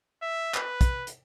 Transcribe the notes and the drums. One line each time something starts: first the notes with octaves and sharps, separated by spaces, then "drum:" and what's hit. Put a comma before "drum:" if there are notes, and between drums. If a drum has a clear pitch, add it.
E5
B4, drum: clap
drum: kick, hi-hat
drum: hi-hat